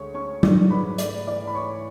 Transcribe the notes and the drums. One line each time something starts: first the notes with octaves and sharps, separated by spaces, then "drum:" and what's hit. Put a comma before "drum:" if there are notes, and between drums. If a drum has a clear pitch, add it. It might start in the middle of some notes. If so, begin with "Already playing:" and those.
Already playing: D2 G#3 C#5 C#6
C#4 C#5 C#6
C#3 D5 D6, drum: tom F#3
G#2 B4 B5
A3 D5 D6, drum: hi-hat
E3 D5 D6
B5
E3 C#5 C#6